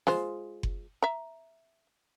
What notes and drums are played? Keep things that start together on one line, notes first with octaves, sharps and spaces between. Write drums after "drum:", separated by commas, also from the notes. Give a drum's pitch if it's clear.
G#3 F4 C5, drum: snare
drum: kick F#1
E5 A#5